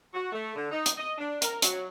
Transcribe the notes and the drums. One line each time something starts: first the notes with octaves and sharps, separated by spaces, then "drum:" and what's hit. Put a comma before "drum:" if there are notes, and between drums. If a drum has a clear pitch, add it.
F#4
A3
D3
D#4
drum: hi-hat
D#5
D4
A#4, drum: hi-hat
F#3, drum: hi-hat